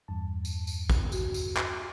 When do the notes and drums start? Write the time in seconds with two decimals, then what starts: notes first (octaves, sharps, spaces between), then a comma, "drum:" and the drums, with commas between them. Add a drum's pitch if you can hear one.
0.08 E2 G2 A5
0.45 drum: tambourine
0.67 drum: tambourine
0.90 drum: kick, tambourine
1.12 F#4, drum: tambourine
1.34 drum: tambourine
1.57 drum: clap